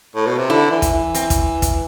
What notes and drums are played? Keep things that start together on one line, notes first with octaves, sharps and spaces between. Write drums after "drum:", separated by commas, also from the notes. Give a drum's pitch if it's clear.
A2
B2
C3
D3 E4
E3
drum: kick, hi-hat
E3
C4, drum: hi-hat
drum: kick, hi-hat
drum: kick, hi-hat